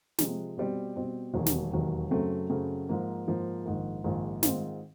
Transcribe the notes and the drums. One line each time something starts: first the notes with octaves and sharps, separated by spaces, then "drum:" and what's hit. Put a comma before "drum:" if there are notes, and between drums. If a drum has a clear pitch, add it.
C3 F3 G#3, drum: snare
B2 G3 C4
B2 G3 C4
E1 D#2 D#3 F#3
drum: snare
E1 D#2 D#3 F#3
F#2 C#3 F#3 A3 C4
F#2 C#3 F#3 A3 C4
G#2 F3 A#3
G#2 F3 A#3
A#1 G#2 D#3
A#1 G#2 D#3
G#2 D#3 G#3 C4 F4, drum: snare